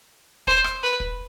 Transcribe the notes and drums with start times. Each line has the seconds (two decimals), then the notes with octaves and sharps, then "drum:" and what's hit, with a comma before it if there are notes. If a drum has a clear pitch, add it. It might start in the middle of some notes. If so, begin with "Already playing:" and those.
0.47 C5, drum: kick
0.64 drum: rim click
0.82 B4
1.00 drum: kick